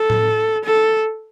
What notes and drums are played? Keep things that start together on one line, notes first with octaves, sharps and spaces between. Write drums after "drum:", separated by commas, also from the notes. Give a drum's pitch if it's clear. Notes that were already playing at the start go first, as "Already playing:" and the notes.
Already playing: A4
drum: tom A2
A4